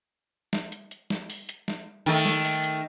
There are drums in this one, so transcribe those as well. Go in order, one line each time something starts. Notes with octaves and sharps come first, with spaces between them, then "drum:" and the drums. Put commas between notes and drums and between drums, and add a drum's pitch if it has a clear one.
drum: snare
drum: hi-hat
drum: hi-hat
drum: snare
drum: open hi-hat
drum: hi-hat
drum: snare
D#3 A3, drum: hi-hat
drum: snare
drum: open hi-hat
drum: hi-hat